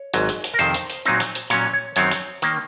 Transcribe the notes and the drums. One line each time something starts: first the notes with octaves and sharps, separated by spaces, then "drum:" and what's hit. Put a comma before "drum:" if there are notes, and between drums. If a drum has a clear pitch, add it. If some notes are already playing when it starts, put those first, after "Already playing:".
Already playing: C#5
G#1 G#2 F#3, drum: hi-hat
drum: hi-hat
drum: hi-hat
A#4
F2 C3 D#3 C5, drum: hi-hat
drum: hi-hat
drum: hi-hat
A#2 F#3 C4 D#4, drum: hi-hat
drum: hi-hat
drum: hi-hat
A#2 F#3 C#4 C#5, drum: hi-hat
C#5
F#2 D#3 F#3 C4 C#5, drum: hi-hat
drum: hi-hat
D#3 A#3, drum: hi-hat